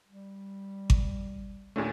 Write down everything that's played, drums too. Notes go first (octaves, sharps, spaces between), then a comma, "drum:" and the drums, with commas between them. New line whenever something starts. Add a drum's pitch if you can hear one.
G3
drum: kick G#1
D#2 A#2 A3 C#4 D4 G#4